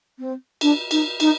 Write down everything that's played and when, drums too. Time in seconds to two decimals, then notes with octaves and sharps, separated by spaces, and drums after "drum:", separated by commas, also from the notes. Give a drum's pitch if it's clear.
0.18 C4
0.61 D4, drum: cymbal
0.91 D#4, drum: cymbal
1.20 D#4, drum: cymbal